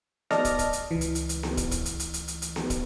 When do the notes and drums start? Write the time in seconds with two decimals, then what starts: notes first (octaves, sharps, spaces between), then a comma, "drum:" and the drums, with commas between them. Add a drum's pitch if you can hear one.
0.31 D5 D#5 A5 F6 A#6, drum: snare B3
0.45 drum: kick, hi-hat
0.59 drum: kick, hi-hat
0.73 drum: hi-hat
0.91 C#2 E3
1.01 drum: hi-hat
1.15 drum: hi-hat
1.29 drum: hi-hat
1.43 drum: snare B3
1.57 drum: kick, hi-hat
1.71 drum: kick, hi-hat
1.85 drum: hi-hat
2.00 drum: hi-hat
2.14 drum: hi-hat
2.28 drum: hi-hat
2.42 drum: hi-hat
2.56 drum: snare B3
2.70 drum: kick, hi-hat